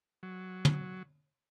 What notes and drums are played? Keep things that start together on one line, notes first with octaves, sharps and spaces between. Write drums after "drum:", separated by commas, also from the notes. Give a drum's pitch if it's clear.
F#3
drum: tom